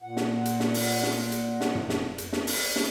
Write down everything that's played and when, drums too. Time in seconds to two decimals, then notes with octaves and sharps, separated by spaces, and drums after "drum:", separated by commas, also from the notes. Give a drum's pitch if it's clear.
0.02 A#2 F#5
0.17 drum: snare
0.45 drum: hi-hat
0.60 drum: snare
0.74 drum: open hi-hat
1.03 drum: snare
1.32 drum: hi-hat
1.61 drum: snare
1.75 drum: tom F#2
1.89 drum: snare
2.18 drum: hi-hat
2.33 drum: snare
2.47 drum: open hi-hat
2.76 drum: snare